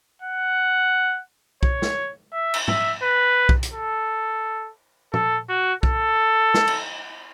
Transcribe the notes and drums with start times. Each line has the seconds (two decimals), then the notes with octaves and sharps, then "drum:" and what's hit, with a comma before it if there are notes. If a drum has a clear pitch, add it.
0.22 F#5
1.63 C#5, drum: kick B1
1.82 drum: snare
2.33 E5
2.54 drum: cymbal
2.68 E5, drum: tom
3.03 B4
3.49 drum: kick B1
3.63 drum: hi-hat
3.73 A4
5.14 A4, drum: tom
5.49 F#4
5.83 A4, drum: kick B1
6.54 drum: snare
6.68 drum: cymbal